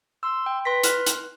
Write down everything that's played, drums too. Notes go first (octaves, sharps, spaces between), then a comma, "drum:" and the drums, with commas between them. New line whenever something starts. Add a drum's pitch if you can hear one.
C6 E6
G5
B4 C6 A#6 B6
C6 F6 F#6, drum: hi-hat
drum: hi-hat